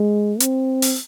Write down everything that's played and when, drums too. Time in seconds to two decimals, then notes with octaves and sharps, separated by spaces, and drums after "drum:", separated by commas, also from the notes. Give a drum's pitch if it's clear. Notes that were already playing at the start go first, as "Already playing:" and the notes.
Already playing: G#3
0.40 C4, drum: hi-hat
0.82 drum: open hi-hat